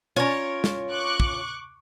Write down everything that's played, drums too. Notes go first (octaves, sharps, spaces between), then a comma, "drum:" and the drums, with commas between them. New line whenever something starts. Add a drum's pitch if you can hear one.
C#4 F4 A#4 C#5
drum: snare
C#6 D6 F#6
drum: kick